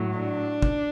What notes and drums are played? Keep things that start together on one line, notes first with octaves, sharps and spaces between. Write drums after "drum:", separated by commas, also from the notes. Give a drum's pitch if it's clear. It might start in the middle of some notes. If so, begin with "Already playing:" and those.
Already playing: A2 F#3
D4
drum: kick